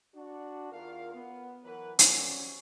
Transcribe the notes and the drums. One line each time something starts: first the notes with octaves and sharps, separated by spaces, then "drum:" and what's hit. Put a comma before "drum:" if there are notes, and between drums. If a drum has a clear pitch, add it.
D4 F#4
E2 F4 A#4 F5
B3
E3 F#3 A#4 B4
E3 F#3 G3 C4 C#4, drum: hi-hat